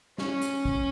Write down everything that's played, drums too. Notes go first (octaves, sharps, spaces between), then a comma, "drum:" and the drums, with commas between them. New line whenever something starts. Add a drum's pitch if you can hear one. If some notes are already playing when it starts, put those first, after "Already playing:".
C#4, drum: snare
drum: hi-hat
drum: kick